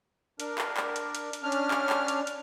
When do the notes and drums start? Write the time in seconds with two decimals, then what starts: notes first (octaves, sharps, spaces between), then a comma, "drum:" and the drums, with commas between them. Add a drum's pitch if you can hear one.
0.40 D4 A#4, drum: hi-hat
0.58 drum: clap
0.77 drum: clap
0.96 drum: hi-hat
1.15 drum: hi-hat
1.33 drum: hi-hat
1.43 C#4 D4 F6
1.52 drum: hi-hat
1.71 drum: clap
1.90 drum: clap
2.08 drum: hi-hat
2.27 drum: hi-hat